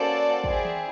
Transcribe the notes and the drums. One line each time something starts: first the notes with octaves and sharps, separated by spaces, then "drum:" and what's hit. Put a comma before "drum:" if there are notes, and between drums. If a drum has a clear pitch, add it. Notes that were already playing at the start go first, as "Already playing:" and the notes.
Already playing: A#3 C#4 F#4 A4 C5 D5
C4 E4 G#4, drum: kick
drum: tom D#3